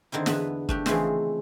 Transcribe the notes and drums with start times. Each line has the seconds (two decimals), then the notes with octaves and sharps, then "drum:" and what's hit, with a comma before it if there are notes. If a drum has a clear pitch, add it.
0.12 D3 D#3 C4 E4
0.26 E2 D3 B3 B4 E5, drum: snare
0.69 A3 D4 G4, drum: kick
0.86 C#3 E3 F3 G#3 A3 C4, drum: snare